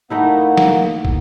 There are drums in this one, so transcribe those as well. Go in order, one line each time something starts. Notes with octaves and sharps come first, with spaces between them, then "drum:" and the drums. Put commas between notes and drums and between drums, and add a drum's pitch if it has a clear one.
A3 A#3 D#4 E4 F#5
drum: snare
drum: kick